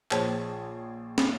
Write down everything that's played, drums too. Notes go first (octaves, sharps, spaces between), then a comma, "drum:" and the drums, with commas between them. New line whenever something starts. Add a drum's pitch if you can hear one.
A#1 G#4 C5 C#5 A5, drum: clap
drum: snare